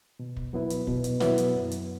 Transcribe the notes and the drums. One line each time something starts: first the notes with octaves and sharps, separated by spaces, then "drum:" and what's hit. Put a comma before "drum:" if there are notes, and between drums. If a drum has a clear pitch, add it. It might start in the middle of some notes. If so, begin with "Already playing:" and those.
B2
drum: kick
F#3 B3 E4 B4
drum: hi-hat
B2, drum: kick
drum: hi-hat
F#3 B3 E4 B4, drum: snare
drum: hi-hat
F#2
drum: hi-hat